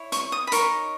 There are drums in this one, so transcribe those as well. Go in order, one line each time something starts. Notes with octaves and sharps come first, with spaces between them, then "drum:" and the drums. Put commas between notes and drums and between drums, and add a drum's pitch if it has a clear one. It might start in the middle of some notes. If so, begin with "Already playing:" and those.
Already playing: E4 C#5
C#6, drum: hi-hat
D#6
B5
D#4 A#4 C#5 C#6, drum: hi-hat